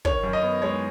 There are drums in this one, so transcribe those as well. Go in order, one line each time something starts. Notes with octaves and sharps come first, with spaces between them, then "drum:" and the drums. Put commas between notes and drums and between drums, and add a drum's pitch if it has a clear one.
D#3 C#5, drum: kick
F#2
D#5
B3
G#3 C#5